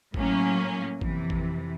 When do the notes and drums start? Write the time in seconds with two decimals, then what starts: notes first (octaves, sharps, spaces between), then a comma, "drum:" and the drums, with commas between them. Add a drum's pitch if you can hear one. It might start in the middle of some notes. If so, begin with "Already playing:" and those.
0.14 A2 F#3 A#3 C#4, drum: kick G#1
1.01 F2 C3 E3, drum: kick G#1
1.30 drum: kick G#1